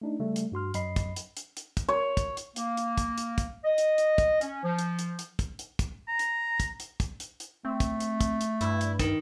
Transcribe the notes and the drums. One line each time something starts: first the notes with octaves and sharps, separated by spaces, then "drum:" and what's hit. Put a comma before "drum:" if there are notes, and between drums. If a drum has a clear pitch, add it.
A3 D4 D#4
C#3 G3 A3
drum: hi-hat
G2 F#4 C6 F6
F#2 F#3 D#5 B5 C7, drum: hi-hat
drum: kick, hi-hat
drum: hi-hat
drum: hi-hat
drum: hi-hat
drum: kick, hi-hat
C#5
drum: kick, hi-hat
drum: hi-hat
A#3, drum: hi-hat
drum: hi-hat
drum: kick, hi-hat
drum: hi-hat
drum: kick, hi-hat
D#5
drum: hi-hat
drum: hi-hat
drum: kick, hi-hat
C#4, drum: hi-hat
F3
drum: hi-hat
drum: hi-hat
drum: hi-hat
drum: kick, hi-hat
drum: hi-hat
drum: kick, hi-hat
A#5
drum: hi-hat
drum: kick, hi-hat
drum: hi-hat
drum: kick, hi-hat
drum: hi-hat
drum: hi-hat
A3 C4
drum: kick, hi-hat
drum: hi-hat
drum: kick, hi-hat
drum: hi-hat
G2 E4, drum: hi-hat
drum: hi-hat
D#3, drum: kick, hi-hat